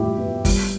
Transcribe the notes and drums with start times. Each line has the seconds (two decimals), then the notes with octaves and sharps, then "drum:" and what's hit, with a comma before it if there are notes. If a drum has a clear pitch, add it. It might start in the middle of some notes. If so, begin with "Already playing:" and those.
Already playing: A2 G3 E4 G4
0.18 B3
0.45 G3, drum: kick, open hi-hat